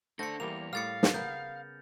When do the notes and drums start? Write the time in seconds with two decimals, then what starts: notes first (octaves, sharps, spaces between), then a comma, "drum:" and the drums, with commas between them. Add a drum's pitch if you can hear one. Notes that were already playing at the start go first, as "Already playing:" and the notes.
0.19 A3 D4 A4 C5 A#6 C#7
0.40 E2 G3 A#3 F7
0.73 A2 G3 F5 F6 A6 C#7
1.03 drum: snare
1.14 C#3 B3 A#4 G6